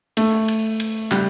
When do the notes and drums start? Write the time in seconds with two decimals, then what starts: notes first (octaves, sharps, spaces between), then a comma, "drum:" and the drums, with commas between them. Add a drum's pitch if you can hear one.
0.17 A3, drum: cymbal
0.48 drum: cymbal
0.80 drum: cymbal
1.11 G3, drum: clap